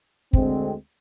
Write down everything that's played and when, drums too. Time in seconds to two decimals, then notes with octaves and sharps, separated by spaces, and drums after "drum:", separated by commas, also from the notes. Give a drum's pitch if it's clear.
0.33 D2 D3 G#3 C4, drum: kick